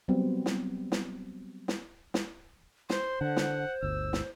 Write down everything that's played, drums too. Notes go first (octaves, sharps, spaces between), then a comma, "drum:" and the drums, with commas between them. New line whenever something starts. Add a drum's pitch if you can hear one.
F#3 G3 B3 C4
drum: snare
drum: snare
drum: snare
drum: snare
C5 C6, drum: snare
D3 F#5
drum: snare
G1 D2 E6
drum: snare